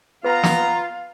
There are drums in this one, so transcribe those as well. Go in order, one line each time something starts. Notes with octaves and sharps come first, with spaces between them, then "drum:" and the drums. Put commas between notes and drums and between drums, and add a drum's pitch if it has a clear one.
B3 F4 B4 F5 A#5
drum: snare